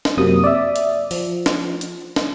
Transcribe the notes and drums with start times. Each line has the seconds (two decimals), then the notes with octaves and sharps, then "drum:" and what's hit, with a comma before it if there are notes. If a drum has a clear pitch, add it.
0.05 drum: snare
0.18 F#2 C3 F#3 A#3 D#6
0.44 D5 E5
0.76 drum: hi-hat
1.11 F3, drum: open hi-hat
1.46 drum: snare
1.81 drum: hi-hat
2.16 drum: snare